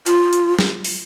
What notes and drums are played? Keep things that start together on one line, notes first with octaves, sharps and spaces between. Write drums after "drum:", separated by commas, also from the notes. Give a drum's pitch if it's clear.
F4, drum: hi-hat
drum: hi-hat
drum: snare
drum: open hi-hat